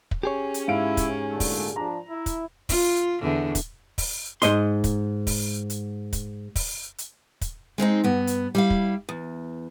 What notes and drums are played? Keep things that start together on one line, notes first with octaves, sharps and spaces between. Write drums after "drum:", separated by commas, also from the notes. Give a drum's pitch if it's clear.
drum: kick
C#4 G4 G#4 C#5
drum: hi-hat
G#2 E4 E5 F5 D7
drum: kick, hi-hat
A#2 D3 A3
drum: kick, open hi-hat
F3 D4 A#5
E4
drum: kick, hi-hat
F4, drum: kick, open hi-hat
E2 D3
drum: kick, hi-hat
drum: kick, open hi-hat
G#2 D#5 C6, drum: hi-hat
drum: kick, hi-hat
drum: kick, open hi-hat
drum: hi-hat
drum: kick, hi-hat
drum: kick, open hi-hat
drum: hi-hat
drum: kick, hi-hat
G#3 C4 C#4 D#4
G2 B3
drum: hi-hat
G3 E4 F5
drum: kick
E2